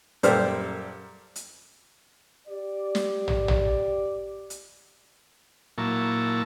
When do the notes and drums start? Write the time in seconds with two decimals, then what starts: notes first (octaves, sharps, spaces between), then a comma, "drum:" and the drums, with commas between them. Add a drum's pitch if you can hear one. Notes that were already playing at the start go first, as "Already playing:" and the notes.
0.23 F#2 A#2 G3 A4 C5 F6, drum: hi-hat
1.36 drum: hi-hat
2.48 G4 D5
2.95 drum: snare
3.28 drum: tom
3.48 drum: tom
4.50 drum: hi-hat
5.78 A#2 F#3 A#3 E4 A5 C#6